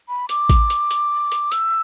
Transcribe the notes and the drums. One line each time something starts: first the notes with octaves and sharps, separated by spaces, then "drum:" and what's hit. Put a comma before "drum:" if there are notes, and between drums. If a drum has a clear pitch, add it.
B5
D6, drum: hi-hat
drum: kick A1, hi-hat
drum: hi-hat
drum: hi-hat
drum: hi-hat
E6, drum: hi-hat